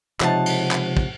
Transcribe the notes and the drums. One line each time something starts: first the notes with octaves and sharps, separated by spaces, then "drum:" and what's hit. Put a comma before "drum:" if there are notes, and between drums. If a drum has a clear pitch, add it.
C#2 C3 F3 D#4 C#5 F#5 A5, drum: clap
drum: cymbal
drum: clap
drum: kick